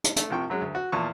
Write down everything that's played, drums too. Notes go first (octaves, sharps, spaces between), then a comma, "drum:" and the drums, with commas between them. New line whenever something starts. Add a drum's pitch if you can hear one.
drum: hi-hat
A3, drum: hi-hat
C2 C3 F3 G5 C#6
F#2 F#3 G#3
D2
F#4
E2 A#2 F3 A5 C#6